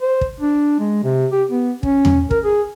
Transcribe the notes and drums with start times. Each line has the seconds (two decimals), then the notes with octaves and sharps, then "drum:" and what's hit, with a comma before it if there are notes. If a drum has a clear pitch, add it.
0.02 C5
0.21 drum: kick
0.41 D4
0.79 G#3
1.04 C3
1.32 G4
1.50 B3
1.83 C#4, drum: kick
2.05 drum: tom E2
2.31 A#4, drum: kick
2.44 G#4